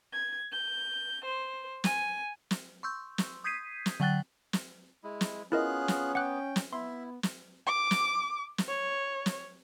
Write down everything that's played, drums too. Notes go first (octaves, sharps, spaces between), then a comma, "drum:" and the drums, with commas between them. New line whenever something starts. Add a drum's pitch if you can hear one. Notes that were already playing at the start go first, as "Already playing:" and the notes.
G#6
G6
C5
G#5, drum: snare
drum: snare
C6 C#6 E6 G6
drum: snare
D#6 G6 G#6 B6 C7 D#7
drum: snare
D3 F#3 F#5 G5 F#6 A6
drum: snare
G#3 E4
drum: snare
B3 C#4 E4 F4 G#4 A#4 D#5 F#6
drum: snare
F#5 G5 D6 F#6
drum: snare
B3 E4 E5 C6
drum: snare
D6
drum: snare
drum: snare
C#5
drum: snare